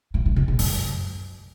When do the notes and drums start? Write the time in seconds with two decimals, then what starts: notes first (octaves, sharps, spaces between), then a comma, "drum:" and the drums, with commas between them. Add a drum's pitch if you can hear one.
0.14 A2
0.26 A#2
0.36 C3
0.48 A#2
0.59 F#2, drum: open hi-hat